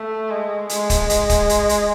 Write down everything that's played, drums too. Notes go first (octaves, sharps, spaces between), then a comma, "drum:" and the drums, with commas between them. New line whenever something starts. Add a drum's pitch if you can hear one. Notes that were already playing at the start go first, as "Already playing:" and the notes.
Already playing: A3
G#3
G#3, drum: hi-hat
drum: kick, hi-hat
drum: hi-hat
drum: kick, hi-hat
drum: hi-hat
drum: hi-hat